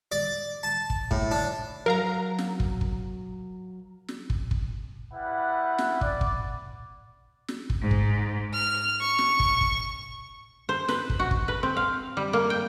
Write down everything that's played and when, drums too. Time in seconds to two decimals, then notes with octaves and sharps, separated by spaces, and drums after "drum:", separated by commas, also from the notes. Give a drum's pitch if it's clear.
0.12 D5
0.63 A5
0.90 drum: kick
1.11 A2, drum: kick
1.31 D4
1.86 F#3 A#4 F5 A#5
2.38 drum: snare
2.60 drum: kick
2.81 drum: kick
4.08 drum: snare
4.30 drum: kick
4.51 drum: kick
5.13 G3 E4 B4 F#5
5.78 drum: snare
6.01 D5, drum: kick
6.21 drum: kick
7.48 drum: snare
7.70 drum: kick
7.80 G#2
7.91 drum: kick
8.53 F6
9.01 C#6
9.18 drum: snare
9.40 drum: kick
9.61 drum: kick
10.69 C5
10.88 B4, drum: snare
11.10 drum: kick
11.19 F#4
11.31 drum: kick
11.48 B4
11.63 C4
11.77 F5
12.17 G3
12.33 A#3
12.50 G5